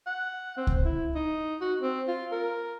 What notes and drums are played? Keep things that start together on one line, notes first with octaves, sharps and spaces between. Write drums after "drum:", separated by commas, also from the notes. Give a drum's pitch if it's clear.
F#5
C4
drum: kick C#2
E4
D#4
F#4
C4
F4
A#4